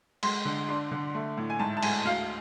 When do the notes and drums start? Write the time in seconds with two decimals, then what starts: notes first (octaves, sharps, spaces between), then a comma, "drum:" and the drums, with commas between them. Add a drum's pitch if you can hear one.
0.23 G#3 C6, drum: cymbal
0.45 D3
0.69 D4 C6
0.91 D3
1.14 A3
1.37 A2
1.50 G#5
1.59 G#2 A5
1.77 A5
1.82 G#3 G#5, drum: cymbal
2.05 D2 F5